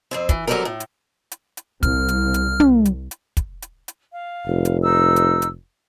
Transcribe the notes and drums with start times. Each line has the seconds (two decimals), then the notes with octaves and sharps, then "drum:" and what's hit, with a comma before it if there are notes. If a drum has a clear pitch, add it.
0.11 F2 G#2 C4
0.29 E3, drum: kick, hi-hat
0.47 D2 F#3 G3 C4 A4 A#4
0.65 A2
0.80 drum: hi-hat
1.32 drum: hi-hat
1.57 drum: hi-hat
1.83 C2 F6, drum: kick, hi-hat
2.08 drum: hi-hat
2.34 drum: hi-hat
2.60 drum: tom
2.85 drum: hi-hat
3.11 drum: hi-hat
3.37 drum: kick, hi-hat
3.62 drum: hi-hat
3.88 drum: hi-hat
4.11 F5
4.46 F1
4.65 drum: hi-hat
4.82 D#4 E6
5.16 drum: hi-hat
5.42 drum: hi-hat